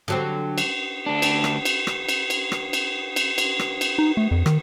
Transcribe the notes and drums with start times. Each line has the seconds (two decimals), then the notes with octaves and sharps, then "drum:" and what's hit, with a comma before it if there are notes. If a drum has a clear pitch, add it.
0.08 D3 F#3 C4
0.58 drum: cymbal
1.06 D2 D4
1.22 drum: cymbal
1.44 drum: rim click
1.65 drum: cymbal
1.87 drum: rim click
2.09 drum: cymbal
2.30 drum: cymbal
2.52 drum: rim click
2.73 drum: cymbal
3.16 drum: cymbal
3.38 drum: cymbal
3.59 drum: rim click
3.81 drum: cymbal
3.99 D#4
4.17 A3
4.31 F2
4.46 D#3, drum: rim click